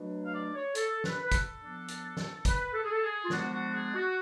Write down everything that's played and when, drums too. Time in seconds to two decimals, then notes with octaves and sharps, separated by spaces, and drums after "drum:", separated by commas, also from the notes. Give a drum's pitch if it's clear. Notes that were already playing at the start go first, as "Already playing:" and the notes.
Already playing: B2 F#3 A3 D4
0.25 F5
0.33 D5
0.54 C#5
0.75 A4, drum: hi-hat
1.04 B4, drum: snare
1.22 B4
1.32 A4, drum: kick, hi-hat
1.60 F3 B3 D4
1.88 drum: hi-hat
2.17 drum: snare
2.45 B4, drum: kick, hi-hat
2.73 A4
2.82 G#4
2.90 A4
3.02 G#4
3.25 F4
3.30 F3 G#3 B3 D4 F#4, drum: snare
3.51 F#4
3.73 G#4
3.94 F#4